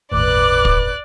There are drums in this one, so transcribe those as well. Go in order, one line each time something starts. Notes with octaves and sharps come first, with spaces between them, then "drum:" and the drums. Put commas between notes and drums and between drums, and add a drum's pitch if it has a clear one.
G1 D#2 A2 B4 D5 D6 F#6
drum: kick